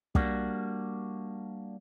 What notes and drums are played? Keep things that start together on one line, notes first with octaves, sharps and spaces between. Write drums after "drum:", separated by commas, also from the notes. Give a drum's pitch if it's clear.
G3 A#3 D4 F#4, drum: kick